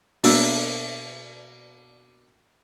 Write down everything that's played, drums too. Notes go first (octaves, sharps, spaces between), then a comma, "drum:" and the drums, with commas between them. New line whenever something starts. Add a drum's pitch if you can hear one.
B2 A#3 D4 E6, drum: open hi-hat